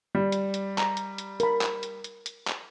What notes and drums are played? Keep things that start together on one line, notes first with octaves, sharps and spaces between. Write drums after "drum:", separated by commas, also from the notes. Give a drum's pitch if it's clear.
G3
drum: hi-hat
drum: hi-hat
A#5, drum: clap
drum: hi-hat
drum: hi-hat
A#4 B5, drum: hi-hat
drum: clap
drum: hi-hat
drum: hi-hat
drum: hi-hat
drum: clap